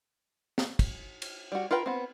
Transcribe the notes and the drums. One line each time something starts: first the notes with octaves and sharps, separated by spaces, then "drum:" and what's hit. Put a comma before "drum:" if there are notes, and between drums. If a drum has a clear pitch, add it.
drum: snare
drum: kick, cymbal
drum: cymbal
G3 F#4
F4 A#4 B4 G5
B3 C4